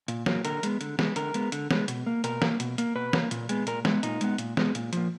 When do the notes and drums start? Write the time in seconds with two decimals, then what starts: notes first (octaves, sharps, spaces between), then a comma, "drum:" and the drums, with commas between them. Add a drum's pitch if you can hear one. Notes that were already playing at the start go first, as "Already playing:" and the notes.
0.08 A#2, drum: hi-hat
0.26 F#3 A#3, drum: snare
0.45 D3 A#4, drum: hi-hat
0.63 G#3 B3, drum: hi-hat
0.81 D3, drum: hi-hat
0.99 G#3 B3, drum: snare
1.16 D3 A#4, drum: hi-hat
1.34 G#3 B3, drum: hi-hat
1.52 D3, drum: hi-hat
1.71 G#3 B3, drum: snare
1.88 B2, drum: hi-hat
2.06 A#3
2.24 B2 A#4, drum: hi-hat
2.42 A#3, drum: snare
2.60 B2, drum: hi-hat
2.78 A#3, drum: hi-hat
2.96 B2 B4
3.13 A#3, drum: snare
3.31 A#2, drum: hi-hat
3.49 G#3 B3, drum: hi-hat
3.67 A#2 A#4, drum: hi-hat
3.85 G#3 B3, drum: snare
4.03 A#2 D#4, drum: hi-hat
4.21 G#3 B3, drum: hi-hat
4.38 A#2, drum: hi-hat
4.57 G#3 B3, drum: snare
4.75 A#2, drum: hi-hat
4.93 F3 A#3, drum: hi-hat